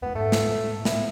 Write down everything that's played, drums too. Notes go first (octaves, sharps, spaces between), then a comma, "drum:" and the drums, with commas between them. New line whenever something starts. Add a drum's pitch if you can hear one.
F2 A3 B3
G#2 A3
drum: snare
A2
B3 E4, drum: snare